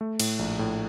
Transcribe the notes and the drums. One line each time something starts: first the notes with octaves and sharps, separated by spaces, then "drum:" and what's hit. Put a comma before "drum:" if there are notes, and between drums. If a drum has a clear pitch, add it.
A3
A2, drum: cymbal
A#1
A2